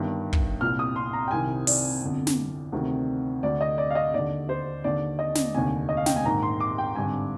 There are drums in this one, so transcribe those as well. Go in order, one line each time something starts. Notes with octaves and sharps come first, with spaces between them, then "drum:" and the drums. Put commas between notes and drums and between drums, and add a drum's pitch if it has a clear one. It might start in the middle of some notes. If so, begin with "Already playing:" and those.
Already playing: G1 G2 D#3
drum: kick
C2 A#2 F6
D#6
C6
A#5
G5
C2 C3 D#3 G#5
D5, drum: open hi-hat
G1 F2 D3
drum: snare
D2 C3 D#3
D2 D3 D5
D#5
D5
F5
D#5
D#2 D3 D5
C5
D#2 D3 D5
D#5
drum: snare
F1 D#2 D3 G#5
D#5
F5
G5, drum: snare
G#5
A#1 G#2 D#3 A#5
C6
D6
G5
G#1 G2 D3 G#5